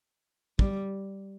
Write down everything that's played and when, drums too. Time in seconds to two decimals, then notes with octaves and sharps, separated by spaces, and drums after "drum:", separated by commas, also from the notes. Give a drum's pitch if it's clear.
0.59 G3, drum: kick